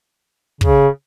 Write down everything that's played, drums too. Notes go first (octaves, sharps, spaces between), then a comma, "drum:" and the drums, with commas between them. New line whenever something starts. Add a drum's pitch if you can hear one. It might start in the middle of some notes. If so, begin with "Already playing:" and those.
C#3, drum: kick